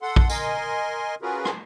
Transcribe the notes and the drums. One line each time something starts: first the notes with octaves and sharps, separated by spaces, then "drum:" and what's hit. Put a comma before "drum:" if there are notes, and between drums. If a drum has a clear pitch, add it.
A4 F#5 C6
drum: kick A#1
A#4 D#5 G#5 C6, drum: tambourine
C#4 F4 F#4 G#4 A#4 B4
drum: rim click